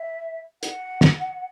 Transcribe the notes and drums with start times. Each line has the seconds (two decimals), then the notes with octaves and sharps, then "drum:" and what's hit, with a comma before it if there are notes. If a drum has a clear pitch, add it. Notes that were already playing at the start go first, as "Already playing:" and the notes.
Already playing: E5
0.63 F#5, drum: hi-hat
1.01 drum: snare